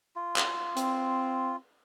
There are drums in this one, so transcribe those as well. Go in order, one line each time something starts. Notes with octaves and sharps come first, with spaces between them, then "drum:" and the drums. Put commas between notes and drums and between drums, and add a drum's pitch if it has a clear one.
F4
drum: clap
C4, drum: hi-hat